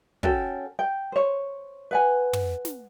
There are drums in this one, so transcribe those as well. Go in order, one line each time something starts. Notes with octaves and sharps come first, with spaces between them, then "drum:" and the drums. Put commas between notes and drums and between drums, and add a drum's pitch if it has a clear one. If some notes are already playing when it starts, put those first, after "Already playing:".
C#4 F#4 A4 G5, drum: kick
G5
C5 C#5
B4 F#5 G#5
drum: tom
drum: snare